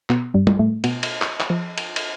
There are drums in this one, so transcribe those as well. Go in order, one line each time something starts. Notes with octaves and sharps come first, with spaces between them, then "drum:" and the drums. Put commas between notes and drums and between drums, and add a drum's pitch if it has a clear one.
B2 B3, drum: clap
G2 G3
drum: tom
A2 A3
B2 B3, drum: cymbal
drum: cymbal
drum: clap
drum: clap
F3
drum: cymbal
drum: cymbal